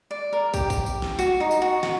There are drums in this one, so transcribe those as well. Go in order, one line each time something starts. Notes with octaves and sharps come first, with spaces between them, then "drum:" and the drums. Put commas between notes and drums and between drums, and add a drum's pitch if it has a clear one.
D5
A#4
G4, drum: kick, tambourine
drum: kick, tambourine
drum: tambourine
drum: snare
F#4, drum: tambourine
D#4
drum: tambourine
F#4
F#4, drum: snare